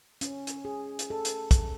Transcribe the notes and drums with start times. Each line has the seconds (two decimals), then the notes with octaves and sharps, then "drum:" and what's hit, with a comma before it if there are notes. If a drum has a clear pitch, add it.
0.21 C#4, drum: hi-hat
0.47 drum: hi-hat
0.65 G#4
0.99 drum: hi-hat
1.10 A4
1.25 drum: hi-hat
1.51 drum: kick, hi-hat